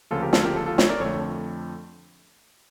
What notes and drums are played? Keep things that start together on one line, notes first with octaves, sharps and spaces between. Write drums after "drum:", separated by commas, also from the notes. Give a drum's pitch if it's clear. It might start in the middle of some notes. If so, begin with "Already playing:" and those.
D2 C#3 F3 A#3 F4 A4
G4 A#4
F4 A4, drum: snare
G4 A#4
F4 A4
F4 A4
C#5 E5, drum: snare
A#4 D5
F2 D3 A3 A4 C#5